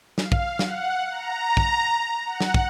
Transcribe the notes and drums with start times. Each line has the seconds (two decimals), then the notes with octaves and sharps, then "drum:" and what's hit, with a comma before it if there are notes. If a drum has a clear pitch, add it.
0.18 F5, drum: snare
0.32 drum: kick
0.59 F#5, drum: snare
1.11 A#5
1.57 drum: kick
2.26 F#5
2.40 drum: snare
2.54 drum: kick